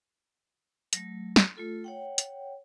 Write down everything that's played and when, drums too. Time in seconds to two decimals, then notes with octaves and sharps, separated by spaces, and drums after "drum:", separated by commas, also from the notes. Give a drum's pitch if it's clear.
0.93 F#3 A3, drum: hi-hat
1.36 drum: snare
1.57 A3 F4 A4
1.84 C#5 F#5 G5
2.18 drum: hi-hat